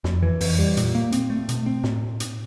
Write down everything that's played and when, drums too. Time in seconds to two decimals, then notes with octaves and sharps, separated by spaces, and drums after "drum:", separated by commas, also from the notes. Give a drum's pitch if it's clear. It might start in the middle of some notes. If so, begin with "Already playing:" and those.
0.04 F2, drum: snare
0.23 E3
0.41 F2, drum: open hi-hat
0.59 G3
0.77 A#2, drum: hi-hat
0.95 A#3
1.12 C4, drum: hi-hat
1.30 A3
1.49 B2, drum: hi-hat
1.66 C4
1.84 A2, drum: snare
2.20 drum: hi-hat